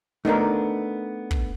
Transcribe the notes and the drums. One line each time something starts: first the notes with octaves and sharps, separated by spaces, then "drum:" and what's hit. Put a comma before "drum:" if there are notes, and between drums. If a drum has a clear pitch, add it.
A3 B3 D4 D#4 A#4
drum: kick